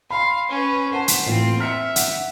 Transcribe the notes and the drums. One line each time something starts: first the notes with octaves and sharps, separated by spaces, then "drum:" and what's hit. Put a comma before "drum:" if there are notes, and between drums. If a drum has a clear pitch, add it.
F5 B5 C6
C#4 B4
A#4 C5 F#5 A5
drum: hi-hat
A2 E3 A#3 C4 F4
E5 F6 B6 C#7
F#5, drum: hi-hat